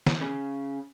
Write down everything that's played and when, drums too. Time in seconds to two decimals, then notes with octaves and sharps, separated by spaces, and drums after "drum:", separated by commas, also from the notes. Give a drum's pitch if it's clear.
0.07 drum: snare
0.21 C#3